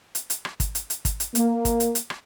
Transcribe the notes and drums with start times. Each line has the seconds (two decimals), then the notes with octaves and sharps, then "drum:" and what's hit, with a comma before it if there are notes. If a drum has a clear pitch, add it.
0.15 drum: hi-hat
0.30 drum: hi-hat
0.45 drum: rim click
0.60 drum: kick, hi-hat
0.75 drum: hi-hat
0.90 drum: hi-hat
1.05 drum: kick, hi-hat
1.20 drum: hi-hat
1.35 A#3, drum: hi-hat
1.65 drum: kick, hi-hat
1.80 drum: hi-hat
1.95 drum: hi-hat
2.10 drum: rim click